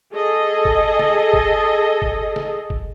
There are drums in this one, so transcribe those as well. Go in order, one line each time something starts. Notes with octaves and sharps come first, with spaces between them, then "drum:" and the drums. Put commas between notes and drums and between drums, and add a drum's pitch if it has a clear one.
G#4 A4 D#5
drum: kick
drum: snare
drum: kick
drum: kick
drum: snare
drum: kick